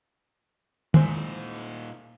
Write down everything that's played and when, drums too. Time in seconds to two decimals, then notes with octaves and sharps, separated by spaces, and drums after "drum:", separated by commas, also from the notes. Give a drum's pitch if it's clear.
0.94 A#2 G#3 D#4 E4 C5, drum: tom